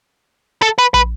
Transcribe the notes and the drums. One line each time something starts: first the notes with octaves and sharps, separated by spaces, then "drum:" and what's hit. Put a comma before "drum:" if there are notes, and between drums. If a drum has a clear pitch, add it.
A4
B4
B4, drum: kick